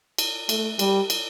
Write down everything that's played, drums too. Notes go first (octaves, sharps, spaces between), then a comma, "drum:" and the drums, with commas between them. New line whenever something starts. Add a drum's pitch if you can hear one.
drum: cymbal
A3, drum: cymbal
G3, drum: cymbal
drum: cymbal